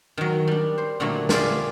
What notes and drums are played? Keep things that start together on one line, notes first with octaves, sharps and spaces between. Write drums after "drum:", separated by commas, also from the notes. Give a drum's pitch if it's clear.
D#3 F#3
G3 D4
C5
A#2 D3 F#3 G3 A3 E4
D4 F4 G4 G#4 D5 E5, drum: snare